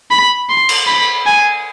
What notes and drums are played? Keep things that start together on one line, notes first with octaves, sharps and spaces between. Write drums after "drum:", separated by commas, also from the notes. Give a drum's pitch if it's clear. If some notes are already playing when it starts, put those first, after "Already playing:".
B5
C6
drum: cymbal
B5
G#5